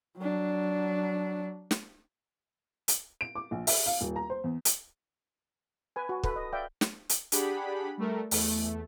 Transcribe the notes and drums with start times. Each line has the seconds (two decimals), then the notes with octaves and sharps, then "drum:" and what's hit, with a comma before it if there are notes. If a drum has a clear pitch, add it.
0.17 F#3 D4
1.71 drum: snare
2.88 drum: hi-hat
3.21 D7
3.35 D6
3.51 A#1
3.67 E5, drum: open hi-hat
3.86 F5
4.01 D#1
4.16 A#5
4.30 C5
4.44 E2
4.65 drum: hi-hat
5.96 B4 G#5
6.09 F#4
6.23 A4 B4, drum: kick
6.36 D#5
6.53 D5 E5 F5 G5
6.81 drum: snare
7.09 drum: hi-hat
7.32 D4 G4 G#4 F#5 B5, drum: hi-hat
7.98 G3 A3 A#4
8.31 E2 A3, drum: open hi-hat